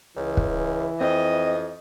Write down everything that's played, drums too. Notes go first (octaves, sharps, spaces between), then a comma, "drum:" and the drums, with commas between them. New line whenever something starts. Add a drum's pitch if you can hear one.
C#2 E3
drum: kick
F2 C4 D#5